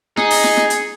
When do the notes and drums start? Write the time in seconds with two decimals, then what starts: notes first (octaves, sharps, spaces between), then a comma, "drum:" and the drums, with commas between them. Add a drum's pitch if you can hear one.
0.17 D#4 G#4, drum: snare
0.30 drum: open hi-hat
0.44 drum: snare
0.57 drum: snare
0.70 drum: hi-hat